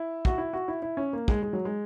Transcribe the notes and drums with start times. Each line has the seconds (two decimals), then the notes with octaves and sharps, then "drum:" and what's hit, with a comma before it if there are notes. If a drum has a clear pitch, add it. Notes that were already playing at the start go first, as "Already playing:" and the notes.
Already playing: E4
0.25 F#4, drum: kick
0.38 E4
0.53 F#4
0.68 E4
0.82 E4
0.97 C#4
1.13 A#3
1.28 G#3, drum: kick
1.43 G#3
1.53 F#3
1.65 G#3